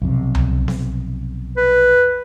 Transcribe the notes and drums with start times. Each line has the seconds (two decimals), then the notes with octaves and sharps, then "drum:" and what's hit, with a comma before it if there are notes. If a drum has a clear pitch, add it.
0.02 B1 F2 C3
0.35 drum: tom C2
0.68 drum: snare B3
1.57 B4